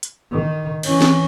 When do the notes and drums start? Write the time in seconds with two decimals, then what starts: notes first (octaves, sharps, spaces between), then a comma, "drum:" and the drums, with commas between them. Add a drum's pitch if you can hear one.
0.03 drum: hi-hat
0.31 D#3
0.83 E3 C#4, drum: cymbal
1.01 drum: snare C4